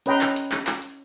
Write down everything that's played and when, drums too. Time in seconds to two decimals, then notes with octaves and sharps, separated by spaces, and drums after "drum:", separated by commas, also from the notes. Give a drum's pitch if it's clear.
0.06 C#4 B4 D#5 G5 A#5 C6, drum: hi-hat
0.21 drum: clap
0.36 drum: hi-hat
0.52 drum: clap
0.67 drum: clap
0.82 drum: hi-hat